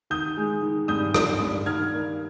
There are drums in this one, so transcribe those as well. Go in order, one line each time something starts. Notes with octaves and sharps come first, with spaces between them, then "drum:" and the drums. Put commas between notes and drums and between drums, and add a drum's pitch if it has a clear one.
D#3 D#6 G6
G#3
D#3
G2 D#6 G6
G2, drum: rim click
G2
D#3 F6 G#6
A#3